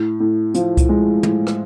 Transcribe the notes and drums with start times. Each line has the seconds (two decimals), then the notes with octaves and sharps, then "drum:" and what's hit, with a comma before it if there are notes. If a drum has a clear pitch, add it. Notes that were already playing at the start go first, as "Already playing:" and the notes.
Already playing: A2
0.20 A2
0.54 F3, drum: hi-hat
0.77 drum: kick C2, hi-hat
0.89 G#3
1.23 A2, drum: tom
1.47 drum: rim click